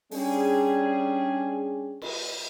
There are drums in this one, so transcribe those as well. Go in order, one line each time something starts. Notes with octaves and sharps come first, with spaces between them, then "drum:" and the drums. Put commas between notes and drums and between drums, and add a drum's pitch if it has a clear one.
G3 C#4 D4 G#4, drum: open hi-hat
drum: cymbal